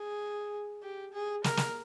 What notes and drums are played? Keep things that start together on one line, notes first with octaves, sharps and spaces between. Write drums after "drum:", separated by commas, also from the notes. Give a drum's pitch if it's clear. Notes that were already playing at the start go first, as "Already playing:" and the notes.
Already playing: G#4
G4
G#4
A#4, drum: snare
drum: snare